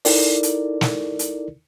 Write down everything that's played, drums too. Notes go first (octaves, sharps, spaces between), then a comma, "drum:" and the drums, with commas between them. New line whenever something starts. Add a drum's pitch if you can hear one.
D#4 E4 A4 A#4 D5, drum: open hi-hat
drum: hi-hat
drum: snare
drum: hi-hat